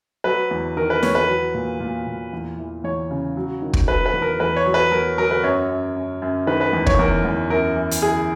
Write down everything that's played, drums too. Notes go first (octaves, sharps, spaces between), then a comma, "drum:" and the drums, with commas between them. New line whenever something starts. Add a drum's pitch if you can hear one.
F#3 B4
E2
D#3 A#4
B4
E2 C#5, drum: snare E4
B4
F#3
A#2
A#2
A#2
E2
E3
E2 C#5
C#3
F#3
D#3
drum: kick
F#3 B4
B4
E2
A#4
E2 B4
C#5
F#3
B4
F#3 A#4
F#3 A#4
B4
F#2 C#5
F#2
F#2
F#2
D#3 B4
B4
E2
C#5, drum: kick
E2 A#4
E2
F#2 A#4
E3
drum: hi-hat
E3 G#4